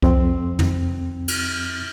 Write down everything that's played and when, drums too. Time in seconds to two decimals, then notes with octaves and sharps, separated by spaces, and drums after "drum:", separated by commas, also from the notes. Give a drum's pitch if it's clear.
0.02 F2 C4, drum: kick C2
0.59 drum: tom
1.28 drum: cymbal